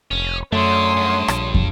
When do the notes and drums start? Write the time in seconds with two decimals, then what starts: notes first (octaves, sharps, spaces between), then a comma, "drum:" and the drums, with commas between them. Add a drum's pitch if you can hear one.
0.11 F1 C#4
0.52 F#2 D3 A3 C#5 C6 D#6
0.96 G2
1.28 A#1, drum: rim click
1.54 drum: kick